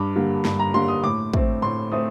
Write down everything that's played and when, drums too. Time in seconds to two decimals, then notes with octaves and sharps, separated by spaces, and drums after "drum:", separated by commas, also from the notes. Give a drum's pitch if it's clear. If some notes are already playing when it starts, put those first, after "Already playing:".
Already playing: G2 D6
0.16 D3 G3 A#3
0.45 G2, drum: snare
0.59 A#5
0.74 D3 G3 A#3 C6
0.88 D#6
1.04 A2 D6
1.33 A3 C4, drum: kick
1.62 A2 C6
1.92 A3 C4 D#6